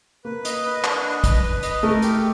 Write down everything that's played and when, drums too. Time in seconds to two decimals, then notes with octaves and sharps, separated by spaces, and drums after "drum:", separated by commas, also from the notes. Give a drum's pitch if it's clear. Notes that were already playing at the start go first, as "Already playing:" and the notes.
0.24 A#3 B4
0.45 D#5, drum: hi-hat
0.65 B4
0.84 D4, drum: clap
1.03 D#5
1.24 B4, drum: kick, hi-hat
1.43 B4
1.63 D#5, drum: hi-hat
1.83 A3 A#4
2.02 G4, drum: hi-hat